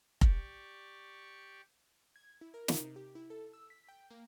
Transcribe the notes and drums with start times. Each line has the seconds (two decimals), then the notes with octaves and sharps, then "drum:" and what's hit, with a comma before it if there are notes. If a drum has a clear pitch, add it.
0.21 G4 D5 C#6, drum: kick F1
2.16 G#6
2.41 E4
2.54 A#4
2.68 D#4, drum: snare
2.80 C3
2.96 G4
3.15 E4
3.30 A4
3.53 E6
3.70 B6
3.88 G5
4.10 A#3